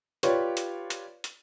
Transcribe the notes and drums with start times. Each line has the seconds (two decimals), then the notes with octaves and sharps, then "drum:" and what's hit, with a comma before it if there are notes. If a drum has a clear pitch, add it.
0.23 F4 G4 B4 C#5 D5, drum: hi-hat
0.57 drum: hi-hat
0.90 drum: hi-hat
1.24 drum: hi-hat